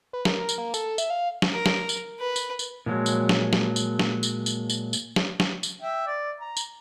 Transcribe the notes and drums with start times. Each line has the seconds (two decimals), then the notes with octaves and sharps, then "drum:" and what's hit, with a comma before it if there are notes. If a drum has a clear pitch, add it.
0.13 B4
0.25 A#4, drum: snare
0.39 A#4
0.49 drum: tambourine
0.58 A#3
0.74 A4, drum: tambourine
0.98 E5, drum: tambourine
1.10 F5
1.42 drum: snare
1.52 A#4
1.66 drum: snare
1.89 drum: tambourine
2.20 B4
2.36 drum: tambourine
2.59 drum: tambourine
2.86 A#2 F3 F#3 G#3
3.06 drum: tambourine
3.29 drum: snare
3.53 drum: snare
3.76 drum: tambourine
3.99 drum: snare
4.23 drum: tambourine
4.46 drum: tambourine
4.70 drum: tambourine
4.93 drum: tambourine
5.16 drum: snare
5.40 drum: snare
5.63 drum: tambourine
5.82 E5 G5
6.07 D5
6.40 A#5
6.57 drum: tambourine